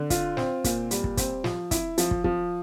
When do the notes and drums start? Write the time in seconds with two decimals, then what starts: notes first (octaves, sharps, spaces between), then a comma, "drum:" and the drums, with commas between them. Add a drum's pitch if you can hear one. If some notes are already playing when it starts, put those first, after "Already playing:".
Already playing: D3
0.10 F4, drum: kick, hi-hat
0.37 C4, drum: snare
0.64 A#2, drum: kick, hi-hat
0.91 G3, drum: hi-hat
1.04 drum: kick
1.17 C4, drum: kick, hi-hat
1.44 F3, drum: snare
1.71 E4, drum: kick, hi-hat
1.98 F3, drum: hi-hat
2.11 drum: kick
2.24 F3, drum: kick